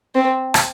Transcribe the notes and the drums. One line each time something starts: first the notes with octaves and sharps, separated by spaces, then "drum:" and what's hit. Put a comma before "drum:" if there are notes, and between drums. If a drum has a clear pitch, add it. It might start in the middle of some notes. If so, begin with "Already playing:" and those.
C4
drum: rim click